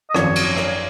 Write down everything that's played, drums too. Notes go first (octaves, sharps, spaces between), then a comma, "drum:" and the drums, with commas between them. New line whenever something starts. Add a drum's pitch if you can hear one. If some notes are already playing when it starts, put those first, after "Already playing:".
D#5
G#1 F#2 F3 C#5, drum: rim click
drum: cymbal
drum: rim click